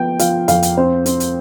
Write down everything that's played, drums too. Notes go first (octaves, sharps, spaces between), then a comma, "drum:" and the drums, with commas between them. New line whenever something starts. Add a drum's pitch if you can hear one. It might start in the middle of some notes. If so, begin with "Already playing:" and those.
Already playing: F3 B3 G5
F3 F5, drum: hi-hat
F2 F5, drum: hi-hat
drum: hi-hat
C4 C5
C4, drum: hi-hat
drum: hi-hat